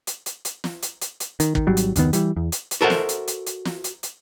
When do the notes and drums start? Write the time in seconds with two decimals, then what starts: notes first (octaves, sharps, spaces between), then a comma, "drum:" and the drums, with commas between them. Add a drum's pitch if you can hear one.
0.07 drum: hi-hat
0.26 drum: hi-hat
0.45 drum: hi-hat
0.64 drum: snare
0.83 drum: hi-hat
1.01 drum: hi-hat
1.20 drum: hi-hat
1.40 D#3, drum: hi-hat
1.55 D#3, drum: kick
1.67 G#1 F#3 G3
1.77 drum: hi-hat
1.96 F#1 D#2 D#3 B3, drum: hi-hat
2.13 E3 G3, drum: hi-hat
2.36 E2
2.52 drum: hi-hat
2.71 drum: hi-hat
2.81 F#4 A4 A#4 C5 E5 F#5
2.90 drum: snare
3.09 drum: hi-hat
3.28 drum: hi-hat
3.47 drum: hi-hat
3.65 drum: snare
3.84 drum: hi-hat
4.03 drum: hi-hat